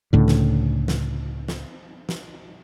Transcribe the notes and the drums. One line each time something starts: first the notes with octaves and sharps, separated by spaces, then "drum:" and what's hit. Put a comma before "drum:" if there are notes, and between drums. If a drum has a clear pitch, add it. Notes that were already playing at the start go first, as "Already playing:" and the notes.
C#2 A2 D3
drum: snare
drum: snare
drum: snare
drum: snare